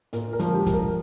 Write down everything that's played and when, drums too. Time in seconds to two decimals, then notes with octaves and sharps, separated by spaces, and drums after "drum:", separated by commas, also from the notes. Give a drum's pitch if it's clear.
0.13 A#2 A#4, drum: hi-hat
0.33 A#4
0.39 F3, drum: hi-hat
0.54 G4
0.66 F3, drum: kick, hi-hat
0.73 A#4